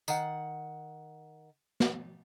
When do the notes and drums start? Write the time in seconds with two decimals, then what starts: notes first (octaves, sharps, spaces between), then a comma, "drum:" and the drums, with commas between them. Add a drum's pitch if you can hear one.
0.08 D#3 F#5, drum: tambourine
1.80 drum: snare